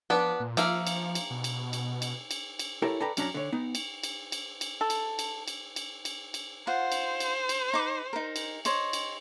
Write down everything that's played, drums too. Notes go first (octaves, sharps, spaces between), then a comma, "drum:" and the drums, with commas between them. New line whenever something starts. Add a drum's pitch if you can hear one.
F3 B3 D4 B4
A#2
F3 A#3 E5 F5, drum: cymbal
drum: cymbal
drum: cymbal
B2
drum: cymbal
drum: cymbal
drum: cymbal
drum: cymbal
drum: cymbal
E4 G4 A4 A#4 C#5 A#5
A4 B4 D5 G5 A#5 B5
F#2 C#4 D4 C#5 A#5, drum: cymbal
D3 C#5
B3 D#4
drum: cymbal
drum: cymbal
drum: cymbal
drum: cymbal
A4
drum: cymbal
drum: cymbal
drum: cymbal
drum: cymbal
drum: cymbal
drum: cymbal
F4 C5 F#5
drum: cymbal
drum: cymbal
drum: cymbal
D#4 D6
D#4 A#4
drum: cymbal
C5 C#5 D#5, drum: cymbal
drum: cymbal